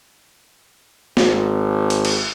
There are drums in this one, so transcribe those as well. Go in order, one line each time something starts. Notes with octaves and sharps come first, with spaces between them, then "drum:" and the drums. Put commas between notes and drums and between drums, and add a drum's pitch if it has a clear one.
G#1, drum: snare
drum: hi-hat
drum: cymbal